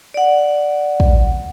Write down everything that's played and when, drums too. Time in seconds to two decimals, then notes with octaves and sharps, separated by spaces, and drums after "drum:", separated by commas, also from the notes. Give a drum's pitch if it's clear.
0.14 D5 F#5
1.00 drum: kick